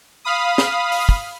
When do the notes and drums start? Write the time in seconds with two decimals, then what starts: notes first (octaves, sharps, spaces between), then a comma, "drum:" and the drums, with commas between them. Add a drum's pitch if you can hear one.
0.25 F5 B5 D#6
0.58 drum: snare
0.92 drum: open hi-hat
1.09 drum: kick